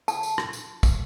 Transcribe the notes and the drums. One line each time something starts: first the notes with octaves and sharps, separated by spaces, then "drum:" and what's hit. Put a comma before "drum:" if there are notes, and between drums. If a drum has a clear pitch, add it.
A5, drum: tambourine
drum: tambourine
drum: rim click
drum: tambourine
drum: kick, tambourine